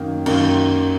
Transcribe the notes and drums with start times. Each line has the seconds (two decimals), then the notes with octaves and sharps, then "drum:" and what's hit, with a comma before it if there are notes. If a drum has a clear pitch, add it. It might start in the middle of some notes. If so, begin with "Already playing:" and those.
Already playing: F#2 D#3 A#3
0.26 F#2 D#3 A#3, drum: cymbal